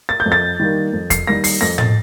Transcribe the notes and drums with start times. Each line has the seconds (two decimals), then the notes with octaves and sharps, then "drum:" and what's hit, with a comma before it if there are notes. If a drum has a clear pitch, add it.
0.09 A6
0.20 G6
0.26 F2
0.32 A6
0.60 D#3 G3 A#3
0.93 F2
1.10 C7, drum: kick E2, hi-hat
1.27 D#3 G3 A#3 A#6
1.44 C7, drum: open hi-hat
1.61 F2 A#6
1.78 A6, drum: tom A2